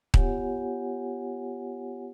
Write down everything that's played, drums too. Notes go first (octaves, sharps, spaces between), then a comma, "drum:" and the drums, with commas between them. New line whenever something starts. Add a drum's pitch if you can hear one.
B3 F4 G4 C#5 F#5 G#5, drum: kick D#1